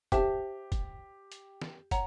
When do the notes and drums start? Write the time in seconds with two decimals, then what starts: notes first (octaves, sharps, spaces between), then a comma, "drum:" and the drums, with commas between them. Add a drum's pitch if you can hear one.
0.12 G4 C5 E5 A5, drum: kick, hi-hat
0.72 drum: kick, hi-hat
1.32 drum: hi-hat
1.62 drum: snare
1.91 C#5 F#5 A#5, drum: kick, hi-hat